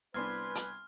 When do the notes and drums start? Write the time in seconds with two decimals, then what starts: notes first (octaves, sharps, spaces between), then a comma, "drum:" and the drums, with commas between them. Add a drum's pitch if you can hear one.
0.14 C2 B3 D4 B4 G#5 C6 F6 G#6
0.55 drum: hi-hat